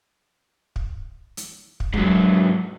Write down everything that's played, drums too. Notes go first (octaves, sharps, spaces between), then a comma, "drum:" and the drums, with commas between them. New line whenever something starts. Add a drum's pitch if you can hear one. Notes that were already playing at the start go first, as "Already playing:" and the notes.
drum: kick
drum: hi-hat
drum: kick
G#2 F#3, drum: kick